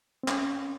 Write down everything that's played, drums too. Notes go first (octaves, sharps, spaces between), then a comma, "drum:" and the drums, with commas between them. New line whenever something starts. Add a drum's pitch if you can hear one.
C4
C#4, drum: clap